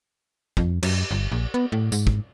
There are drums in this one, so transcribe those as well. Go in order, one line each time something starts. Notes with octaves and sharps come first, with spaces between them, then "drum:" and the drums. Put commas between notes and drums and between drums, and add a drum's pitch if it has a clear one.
F2, drum: kick
F#2, drum: cymbal
G1
A#1
B3
A2
G#2, drum: tambourine
drum: kick